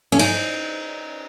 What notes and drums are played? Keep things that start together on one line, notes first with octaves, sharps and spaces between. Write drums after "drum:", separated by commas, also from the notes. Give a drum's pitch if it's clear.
C#4
D#4, drum: cymbal